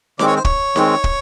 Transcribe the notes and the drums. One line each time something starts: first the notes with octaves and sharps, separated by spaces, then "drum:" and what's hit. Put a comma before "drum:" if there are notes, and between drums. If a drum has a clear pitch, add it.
D#3 G#3 C4 D5, drum: snare D#4
C#5
C5
C#5, drum: kick
D#3 G#3 C4, drum: snare D#4
drum: kick